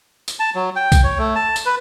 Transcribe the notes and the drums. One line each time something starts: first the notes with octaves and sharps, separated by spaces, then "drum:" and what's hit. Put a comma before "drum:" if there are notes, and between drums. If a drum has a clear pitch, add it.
drum: tambourine
A5
F#3
G5
drum: kick B1, tambourine
C#5
A3
A5
drum: tambourine
B4